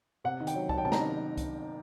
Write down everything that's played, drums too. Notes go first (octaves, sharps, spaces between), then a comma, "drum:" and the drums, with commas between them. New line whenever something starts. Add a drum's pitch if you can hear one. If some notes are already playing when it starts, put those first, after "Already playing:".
C3 F#5
D#3
G5, drum: hi-hat
F#3
F#3 A5, drum: kick C2
G5
C3 A5
A#5, drum: snare
D#3
drum: kick C2, hi-hat